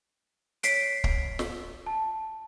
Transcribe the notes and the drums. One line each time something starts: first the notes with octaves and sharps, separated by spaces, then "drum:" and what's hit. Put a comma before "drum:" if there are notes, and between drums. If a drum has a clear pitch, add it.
C#5 B6 C7 D7, drum: hi-hat
drum: kick
drum: snare
A5